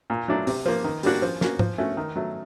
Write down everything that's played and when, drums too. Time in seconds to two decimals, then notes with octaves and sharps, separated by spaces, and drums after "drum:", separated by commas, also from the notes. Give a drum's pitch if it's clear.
0.10 A#2
0.28 F#3 A3 D4
0.47 C3, drum: open hi-hat
0.66 F3 A#3
0.84 D#3
1.03 G3 A#3 D4 F#4, drum: open hi-hat
1.22 F3
1.41 A#3 C#4 F#4, drum: snare
1.59 F3, drum: tom
1.78 A3 C#4 F#4
1.97 D#3
2.16 F#3 A3